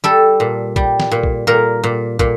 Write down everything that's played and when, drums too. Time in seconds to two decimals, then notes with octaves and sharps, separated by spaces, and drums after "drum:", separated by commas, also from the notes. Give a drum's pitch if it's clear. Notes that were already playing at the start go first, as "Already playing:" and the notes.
0.04 G3 A4
0.40 A#2
0.76 G3, drum: kick
1.00 drum: snare
1.11 A#2
1.23 drum: kick
1.47 A#2 A#4
1.84 A#2
2.19 A#2, drum: kick